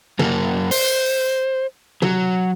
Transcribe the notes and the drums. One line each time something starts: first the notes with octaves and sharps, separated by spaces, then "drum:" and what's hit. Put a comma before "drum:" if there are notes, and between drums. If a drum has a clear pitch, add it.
F#2 A#3, drum: tom
C5, drum: open hi-hat
F#3, drum: tom